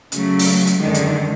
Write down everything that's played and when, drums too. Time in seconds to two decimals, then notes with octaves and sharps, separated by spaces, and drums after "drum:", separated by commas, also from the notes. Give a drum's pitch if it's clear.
0.12 C#3 F#3 A3, drum: hi-hat
0.39 drum: open hi-hat
0.67 drum: hi-hat
0.79 F#2 D3 D#3 G#3
0.94 drum: hi-hat